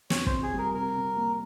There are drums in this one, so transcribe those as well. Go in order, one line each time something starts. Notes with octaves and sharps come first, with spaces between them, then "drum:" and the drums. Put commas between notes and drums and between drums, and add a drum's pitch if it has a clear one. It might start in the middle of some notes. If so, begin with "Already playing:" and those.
F2 C#5, drum: snare
C5, drum: kick
C3
G#4
G3
A#4
C3 A#4
C3
A#3